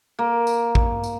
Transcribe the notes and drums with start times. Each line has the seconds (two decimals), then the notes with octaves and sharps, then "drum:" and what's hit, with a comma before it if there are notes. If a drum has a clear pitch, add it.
0.19 A#3
0.47 drum: tambourine
0.75 drum: kick A1
1.04 drum: tambourine